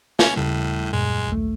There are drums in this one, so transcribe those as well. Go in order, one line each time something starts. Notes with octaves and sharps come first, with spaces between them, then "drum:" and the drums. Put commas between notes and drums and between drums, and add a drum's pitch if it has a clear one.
C#4, drum: snare
D#2 A2 C#3 G3
F#2 A#2 G#3
A#1 D#2 A3